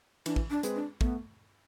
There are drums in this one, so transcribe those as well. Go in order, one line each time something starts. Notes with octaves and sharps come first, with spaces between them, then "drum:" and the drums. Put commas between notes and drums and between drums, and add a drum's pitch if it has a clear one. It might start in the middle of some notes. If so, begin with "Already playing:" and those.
E3 D4, drum: cymbal
drum: kick
D4
G#3 C4 G#4 B4, drum: hi-hat
D4
A3 B3, drum: kick